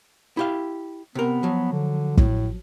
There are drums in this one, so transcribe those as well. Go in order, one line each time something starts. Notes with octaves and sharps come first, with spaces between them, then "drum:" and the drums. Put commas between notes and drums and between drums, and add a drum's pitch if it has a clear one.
E4 G4 F5
C3 B3 A#4
F3 F#3
D3
A2, drum: kick